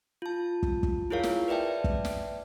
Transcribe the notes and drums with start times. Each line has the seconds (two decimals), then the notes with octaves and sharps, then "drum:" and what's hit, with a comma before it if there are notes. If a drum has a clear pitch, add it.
0.22 F4 A5
0.63 drum: kick
0.83 drum: kick
1.10 E4 F4 G#4 A#4 C#5 F5
1.23 drum: snare
1.48 B4 D5 E5 G5 A5
1.84 drum: kick
2.05 drum: snare